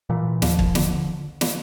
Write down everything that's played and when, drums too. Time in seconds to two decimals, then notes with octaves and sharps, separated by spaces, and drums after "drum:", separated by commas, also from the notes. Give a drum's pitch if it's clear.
0.10 A#2 E3
0.42 D#2 F3, drum: snare
0.59 drum: kick
0.75 D3, drum: snare
1.41 drum: snare